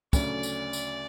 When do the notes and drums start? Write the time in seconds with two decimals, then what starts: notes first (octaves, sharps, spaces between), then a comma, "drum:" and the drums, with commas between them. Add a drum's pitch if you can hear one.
0.13 D2 C#3 F#3 A3 C#4 D5, drum: kick, tambourine
0.43 drum: tambourine
0.73 drum: tambourine